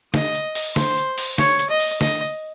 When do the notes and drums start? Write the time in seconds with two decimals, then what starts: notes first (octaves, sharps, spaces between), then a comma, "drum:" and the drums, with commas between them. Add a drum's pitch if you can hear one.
0.14 D#5, drum: snare
0.35 drum: hi-hat
0.55 drum: open hi-hat
0.76 C5, drum: snare
0.97 drum: hi-hat
1.18 drum: open hi-hat
1.38 C#5, drum: snare
1.59 drum: hi-hat
1.70 D#5
1.80 drum: open hi-hat
2.01 D#5, drum: snare